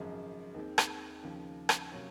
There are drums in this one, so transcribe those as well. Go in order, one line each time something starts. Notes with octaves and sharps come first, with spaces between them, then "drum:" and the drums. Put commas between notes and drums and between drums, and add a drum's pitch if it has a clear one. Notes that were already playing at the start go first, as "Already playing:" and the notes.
Already playing: G#1 F#2 C#3 F3 G#3
D#2 D#3 G#3 C4
drum: rim click
D#2 C#3 F3
drum: rim click
C3 F#3 A#3 C#4